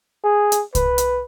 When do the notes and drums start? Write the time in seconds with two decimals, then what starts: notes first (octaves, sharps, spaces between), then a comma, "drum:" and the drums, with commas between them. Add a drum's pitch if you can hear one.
0.24 G#4
0.52 drum: hi-hat
0.75 B4, drum: kick C2, hi-hat
0.98 drum: hi-hat